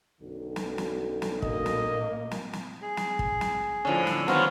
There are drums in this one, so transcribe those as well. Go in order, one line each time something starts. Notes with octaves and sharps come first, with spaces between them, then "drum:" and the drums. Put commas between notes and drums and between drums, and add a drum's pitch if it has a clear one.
B1 F#2 D3
drum: snare
drum: snare
drum: snare
A#2 A#3 D#5, drum: kick
drum: snare
drum: snare
drum: snare
G#4
drum: snare
drum: kick
drum: snare
A2 D3 F3 C#4
drum: snare
D#3 F3 F#3 B3 C4 F4 F#4, drum: snare